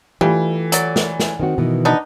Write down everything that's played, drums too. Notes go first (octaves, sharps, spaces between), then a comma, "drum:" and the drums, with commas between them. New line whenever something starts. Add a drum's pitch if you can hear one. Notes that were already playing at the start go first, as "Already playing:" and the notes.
E3 G3 A3 F4 G4
F#3 D5, drum: hi-hat
drum: snare
drum: snare
D#3 C4 F#4
B2 D#3 E3
B3 D4 D#4